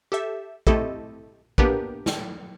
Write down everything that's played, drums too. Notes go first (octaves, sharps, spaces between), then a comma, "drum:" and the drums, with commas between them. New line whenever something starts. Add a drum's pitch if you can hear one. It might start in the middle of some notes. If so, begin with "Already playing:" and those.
G4 A4 E5
A3 C4 E4 G4 A4 D#5, drum: kick
A#3 B3 D4 G4 A#4 B4, drum: kick
drum: snare